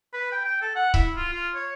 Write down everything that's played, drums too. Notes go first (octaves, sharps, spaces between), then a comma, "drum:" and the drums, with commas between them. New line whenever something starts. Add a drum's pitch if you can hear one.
B4
G5
G5
A4
F#5
E4, drum: kick C#1
F4
F4
C#5